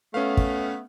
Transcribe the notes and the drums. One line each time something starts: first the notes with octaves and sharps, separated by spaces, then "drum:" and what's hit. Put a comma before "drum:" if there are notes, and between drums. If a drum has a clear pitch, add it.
A3 B3 C#4 F5
drum: kick